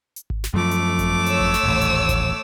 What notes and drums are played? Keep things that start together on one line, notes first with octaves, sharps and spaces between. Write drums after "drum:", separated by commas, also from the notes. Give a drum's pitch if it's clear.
drum: hi-hat
drum: kick G#1
drum: snare
F#2 F3 A3 D6
drum: hi-hat
drum: kick G#1, hi-hat
C#5 E6, drum: hi-hat
drum: kick G#1
drum: snare
D#1 A1
drum: hi-hat
drum: kick G#1, hi-hat